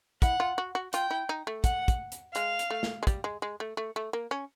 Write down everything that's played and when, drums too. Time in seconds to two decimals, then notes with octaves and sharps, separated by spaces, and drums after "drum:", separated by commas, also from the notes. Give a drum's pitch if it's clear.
0.22 E4 F#5, drum: kick, hi-hat
0.40 F4
0.58 F#4
0.75 F#4
0.93 F4 G5, drum: hi-hat
1.11 E4
1.29 D#4
1.47 A3
1.64 F#5, drum: kick, hi-hat
1.88 drum: kick, hi-hat
2.12 drum: hi-hat
2.35 G#3 F5, drum: hi-hat
2.59 drum: hi-hat
2.70 A3
2.83 drum: snare
3.03 G#3
3.07 G3, drum: kick, hi-hat
3.24 G#3
3.42 G#3
3.60 A3
3.77 A3
3.96 A3
4.13 A#3
4.31 C#4